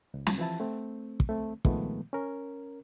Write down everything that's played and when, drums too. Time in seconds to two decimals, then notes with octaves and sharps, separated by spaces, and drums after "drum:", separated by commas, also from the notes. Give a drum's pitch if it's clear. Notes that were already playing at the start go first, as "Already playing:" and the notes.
0.14 C#2
0.27 drum: snare
0.38 E3 F3 E4 A5
0.60 A3 C4
1.20 drum: kick
1.29 A3 C4
1.65 A#2 D#3 F3 G#3 A3 B3, drum: kick
2.13 C#4 A#4